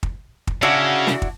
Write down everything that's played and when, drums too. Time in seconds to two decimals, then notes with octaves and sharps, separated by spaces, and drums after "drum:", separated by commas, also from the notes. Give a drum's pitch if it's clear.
0.03 drum: kick
0.47 drum: kick
0.62 C#3 D4 E4 F#4
1.07 drum: snare
1.22 drum: kick